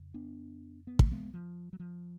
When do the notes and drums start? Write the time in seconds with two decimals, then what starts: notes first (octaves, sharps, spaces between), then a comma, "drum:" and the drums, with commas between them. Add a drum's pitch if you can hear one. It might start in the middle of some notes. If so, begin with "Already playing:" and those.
Already playing: F2 C#3
0.14 B3 D4
0.87 B3
0.99 A3, drum: kick
1.11 G#3 B3
1.34 F3
1.73 F#3
1.79 F3